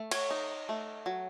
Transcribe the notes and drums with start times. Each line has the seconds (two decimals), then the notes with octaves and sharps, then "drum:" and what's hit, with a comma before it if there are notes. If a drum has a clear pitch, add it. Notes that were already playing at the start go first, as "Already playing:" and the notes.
Already playing: A3
0.11 C#5, drum: cymbal
0.31 D#4
0.69 A3
1.06 F#3